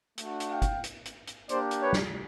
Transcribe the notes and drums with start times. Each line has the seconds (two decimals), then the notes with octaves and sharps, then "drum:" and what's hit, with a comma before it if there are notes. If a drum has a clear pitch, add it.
0.18 A3 D4 F#4, drum: hi-hat
0.40 drum: hi-hat
0.50 F5 G5
0.62 drum: kick, hi-hat
0.84 drum: hi-hat
1.05 drum: hi-hat
1.27 drum: hi-hat
1.49 A#3 D4 G4 C5 D5, drum: hi-hat
1.71 drum: hi-hat
1.82 B4 C#5
1.93 drum: snare